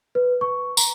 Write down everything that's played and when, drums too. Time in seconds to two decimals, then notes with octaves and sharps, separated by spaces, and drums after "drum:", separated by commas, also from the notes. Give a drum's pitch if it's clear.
0.15 B4
0.41 C#6
0.77 A#5, drum: tambourine